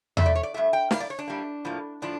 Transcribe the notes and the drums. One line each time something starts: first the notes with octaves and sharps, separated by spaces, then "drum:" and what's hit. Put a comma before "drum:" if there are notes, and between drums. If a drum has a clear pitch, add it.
G2 F3 A3 E5, drum: tom E2
D5
C#5
D5
G2 F3 A3 E5
G5
A2 G3 A#3 F5, drum: snare
D5
C#5
D4
A2 G3 A#3
A2 F3 A#3
A2 F3 D4